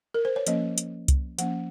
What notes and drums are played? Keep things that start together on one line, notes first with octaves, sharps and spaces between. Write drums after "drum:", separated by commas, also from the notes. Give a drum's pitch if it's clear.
A#4
C5
C#5
F3 A#3 C#4 D#5, drum: hi-hat
drum: hi-hat
drum: kick C2, hi-hat
F3 A#3 C#4 F#5, drum: hi-hat